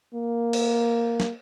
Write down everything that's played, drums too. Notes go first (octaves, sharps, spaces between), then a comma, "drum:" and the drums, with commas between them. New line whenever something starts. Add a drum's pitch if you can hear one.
A#3
drum: cymbal
drum: snare